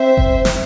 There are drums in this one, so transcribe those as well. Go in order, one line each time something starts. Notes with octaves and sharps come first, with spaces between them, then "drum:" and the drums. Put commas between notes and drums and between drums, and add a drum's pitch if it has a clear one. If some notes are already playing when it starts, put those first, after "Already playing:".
Already playing: C4 C5 E5
drum: kick F#1
drum: snare